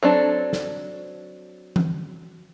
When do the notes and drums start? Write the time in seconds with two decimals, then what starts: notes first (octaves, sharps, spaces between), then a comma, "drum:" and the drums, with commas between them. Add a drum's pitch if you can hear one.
0.03 F#3 C4 D4 A4
0.53 drum: snare
1.76 drum: tom E3